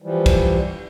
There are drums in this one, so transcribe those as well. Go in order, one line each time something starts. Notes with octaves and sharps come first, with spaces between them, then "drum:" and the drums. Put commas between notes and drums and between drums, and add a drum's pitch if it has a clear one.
E3 F3 G3
drum: kick, cymbal